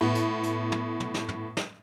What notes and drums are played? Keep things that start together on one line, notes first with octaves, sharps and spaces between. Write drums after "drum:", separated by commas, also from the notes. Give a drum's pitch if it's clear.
A2 B3
drum: hi-hat
drum: hi-hat
drum: tom
drum: tom
drum: snare
drum: tom
drum: snare